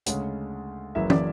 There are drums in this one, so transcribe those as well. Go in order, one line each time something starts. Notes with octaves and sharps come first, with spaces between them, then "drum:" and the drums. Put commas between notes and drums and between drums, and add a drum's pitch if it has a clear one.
D2 C#3 G#3, drum: hi-hat
F#1 F#2 E3 E4 E5
D5, drum: tom